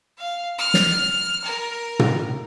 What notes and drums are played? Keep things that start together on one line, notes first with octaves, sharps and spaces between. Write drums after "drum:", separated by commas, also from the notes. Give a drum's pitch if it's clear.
F5
F6
drum: snare
A#4
drum: tom